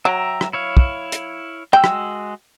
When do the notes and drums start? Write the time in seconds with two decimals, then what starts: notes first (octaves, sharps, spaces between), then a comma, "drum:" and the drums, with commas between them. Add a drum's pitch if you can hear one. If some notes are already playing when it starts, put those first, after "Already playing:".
0.05 F#3 E5 G5 A#5
0.41 drum: rim click
0.53 E4 C#5 F5
0.77 drum: kick
1.12 drum: hi-hat
1.73 G#3 F#4 G5 E6
1.84 drum: rim click